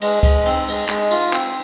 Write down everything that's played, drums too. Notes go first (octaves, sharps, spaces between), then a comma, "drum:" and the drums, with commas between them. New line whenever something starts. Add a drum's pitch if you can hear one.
G#3, drum: cymbal
G#3, drum: kick C#2, cymbal
C4, drum: cymbal
G#3, drum: cymbal
G#3, drum: clap
F4, drum: cymbal
C4, drum: clap